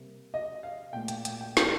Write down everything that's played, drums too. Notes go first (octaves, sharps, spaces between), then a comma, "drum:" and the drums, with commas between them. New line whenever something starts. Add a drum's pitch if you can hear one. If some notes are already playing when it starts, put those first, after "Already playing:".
Already playing: C3 G3 A#3
D#5
F5
A#2 A3 G5
G5, drum: hi-hat
G5, drum: hi-hat
G5
G5, drum: snare